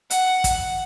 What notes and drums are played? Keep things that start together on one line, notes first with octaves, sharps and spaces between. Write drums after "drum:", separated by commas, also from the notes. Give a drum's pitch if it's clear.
F#5, drum: hi-hat
drum: kick, hi-hat